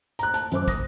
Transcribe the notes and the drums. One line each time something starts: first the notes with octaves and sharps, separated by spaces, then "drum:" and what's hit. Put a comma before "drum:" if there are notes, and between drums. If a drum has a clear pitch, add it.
A#5 F#6, drum: hi-hat
A5, drum: hi-hat
F#2 C5 D6, drum: hi-hat
D#6 A#6, drum: kick, hi-hat